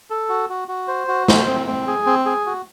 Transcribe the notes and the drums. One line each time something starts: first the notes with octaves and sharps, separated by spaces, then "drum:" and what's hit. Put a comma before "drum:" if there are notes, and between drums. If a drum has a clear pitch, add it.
A4
F#4
F#4
F#4
C5
F#4
C5, drum: snare
C4
C4
G#4
C4
G#4
F#4